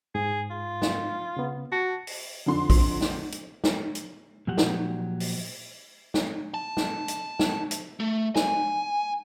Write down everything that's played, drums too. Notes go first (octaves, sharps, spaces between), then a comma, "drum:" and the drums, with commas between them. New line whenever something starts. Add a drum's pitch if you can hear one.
G#2 G#4
F4
drum: snare
C#3 B3
F#4 A5
drum: open hi-hat
F2 D3 C6
drum: kick A#1, open hi-hat
drum: snare
drum: hi-hat
drum: snare
drum: hi-hat
A#2 F3 F#3 G4 F#5
drum: snare
drum: open hi-hat
drum: snare
A5
drum: snare
drum: hi-hat
drum: snare
drum: hi-hat
A3
G#5, drum: snare